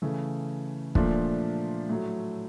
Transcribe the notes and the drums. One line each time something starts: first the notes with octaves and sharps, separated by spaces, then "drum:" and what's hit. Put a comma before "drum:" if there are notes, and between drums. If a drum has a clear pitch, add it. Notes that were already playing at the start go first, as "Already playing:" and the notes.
C#3 E3 A3
A#2 F3 A3 D4 F4, drum: kick
A2 F#3 A3